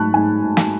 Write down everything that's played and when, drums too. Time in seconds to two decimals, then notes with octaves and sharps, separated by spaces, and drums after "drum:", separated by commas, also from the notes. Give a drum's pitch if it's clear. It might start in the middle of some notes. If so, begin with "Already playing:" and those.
Already playing: G#2 F#3 A3 A5 B5 C#6 F#6
0.14 G#2 G#5
0.43 G#2
0.57 drum: snare